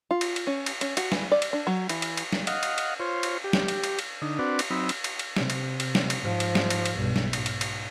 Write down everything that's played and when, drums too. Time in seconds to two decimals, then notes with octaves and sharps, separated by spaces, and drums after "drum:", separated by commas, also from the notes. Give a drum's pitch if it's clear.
0.11 F4
0.21 drum: cymbal
0.36 drum: cymbal
0.47 C#4
0.66 drum: cymbal
0.81 C#4, drum: cymbal
0.97 F#4, drum: cymbal
1.12 E3, drum: snare
1.32 D5
1.42 drum: cymbal
1.53 D4
1.67 F#3
1.89 E3, drum: cymbal
2.02 drum: cymbal
2.17 drum: cymbal
2.33 drum: snare
2.47 D#5 F5 F#5, drum: cymbal
2.63 drum: cymbal
2.78 drum: cymbal
3.00 F4 C5 C#5
3.23 drum: cymbal
3.44 G4
3.53 drum: snare
3.68 drum: cymbal
3.84 drum: cymbal
3.99 drum: cymbal
4.22 D3 D#4
4.39 C4 D4 F#4 B4 D5
4.59 drum: cymbal
4.70 F#3 C4 D#4 B5 E6
4.89 drum: cymbal
5.04 drum: cymbal
5.19 drum: cymbal
5.37 C3, drum: snare
5.50 drum: cymbal
5.80 drum: cymbal
5.95 drum: snare
6.10 drum: cymbal
6.21 G#2 F3
6.40 drum: cymbal
6.55 drum: snare
6.70 drum: cymbal
6.86 drum: cymbal
6.97 B1 G2
7.16 drum: snare
7.33 G#2, drum: cymbal
7.46 drum: cymbal
7.61 drum: cymbal